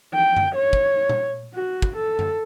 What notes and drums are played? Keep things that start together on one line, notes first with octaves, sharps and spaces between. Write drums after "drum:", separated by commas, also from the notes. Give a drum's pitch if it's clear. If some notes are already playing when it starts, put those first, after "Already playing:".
G5
drum: tom F#2
C#5
drum: kick
drum: tom A#2
F#4
drum: kick
A4
drum: tom F#2